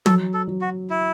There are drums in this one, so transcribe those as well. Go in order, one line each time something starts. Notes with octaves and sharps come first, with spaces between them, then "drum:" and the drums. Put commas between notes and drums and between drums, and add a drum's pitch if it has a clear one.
F#3 A4, drum: tom
A4
F#3
F#4
E4